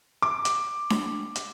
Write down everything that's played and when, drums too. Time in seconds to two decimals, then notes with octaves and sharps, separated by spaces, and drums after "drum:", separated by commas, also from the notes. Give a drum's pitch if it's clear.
0.22 D6
0.45 drum: hi-hat
0.90 drum: snare D4
1.36 drum: hi-hat